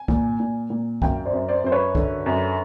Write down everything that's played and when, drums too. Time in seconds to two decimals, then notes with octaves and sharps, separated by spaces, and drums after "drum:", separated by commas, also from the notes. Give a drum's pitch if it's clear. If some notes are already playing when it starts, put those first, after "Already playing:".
Already playing: G#5
0.08 A#2, drum: kick C2
0.40 A#2
0.70 A#2
1.02 F#2 F5 G5, drum: kick C2
1.26 C5 D5
1.33 F#2
1.48 C5 D5
1.64 F#2 C5
1.72 B4 C#5
1.95 D3, drum: kick C2
2.26 F#2